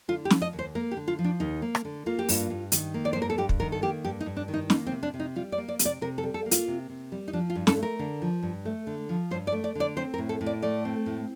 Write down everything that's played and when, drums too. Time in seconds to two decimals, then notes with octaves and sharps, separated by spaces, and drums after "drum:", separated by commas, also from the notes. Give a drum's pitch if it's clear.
0.08 D3 F4
0.25 G4
0.30 F3, drum: snare
0.42 D#5
0.53 D#2
0.59 C5
0.75 A#3 A#4
0.91 G4
0.97 D3
1.08 F4
1.19 F3
1.24 D4
1.40 D#2 D#4
1.62 A#3
1.75 drum: rim click
1.85 D3
2.06 A#3 F4
2.19 G4
2.29 G2 F4, drum: open hi-hat
2.50 G2
2.72 D#3, drum: hi-hat
2.94 A#3
3.05 D5
3.13 G2 C5
3.22 A#4
3.30 A4
3.38 G2 G4
3.49 drum: kick
3.60 D#3 A#4
3.72 A4
3.82 A#3 G4
4.04 G2 G4
4.20 D#4
4.26 G2
4.37 D4
4.48 D#3
4.54 D#4
4.70 A#3 D#4, drum: snare
4.87 C4
4.92 C3
5.03 D4
5.14 C3
5.20 D#4
5.36 G3 F4
5.52 D5
5.58 A#3
5.68 D5
5.79 C3, drum: hi-hat
5.85 D5
6.01 C3 A#4
6.18 A4
6.23 G3
6.34 A4
6.46 A#3
6.51 F4, drum: hi-hat
6.68 C3
6.90 C3
7.12 G3
7.28 D#4
7.33 F3 D4
7.50 F4
7.55 G2
7.67 A4, drum: snare
7.77 A3
7.83 A#4
7.99 D3
8.22 F3
8.42 G2
8.65 A3
8.87 D3
9.09 F3
9.31 G2 C5
9.47 D5
9.52 A3
9.64 D5
9.75 D3 D5
9.97 C4 C5
10.14 A#4
10.18 A2
10.29 A4
10.41 A2
10.46 D5
10.62 A3 D5
10.85 C4
11.06 A2